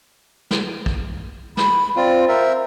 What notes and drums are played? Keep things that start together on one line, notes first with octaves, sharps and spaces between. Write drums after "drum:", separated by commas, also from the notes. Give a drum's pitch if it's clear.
drum: snare
drum: kick
B5, drum: snare
C4 F4 D5
A#4 C5 E5